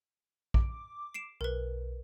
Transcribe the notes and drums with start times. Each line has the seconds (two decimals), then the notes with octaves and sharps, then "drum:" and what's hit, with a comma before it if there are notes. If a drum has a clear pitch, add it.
0.54 D6, drum: kick A#1
1.14 C7 D7 E7
1.41 B1 A#4 B4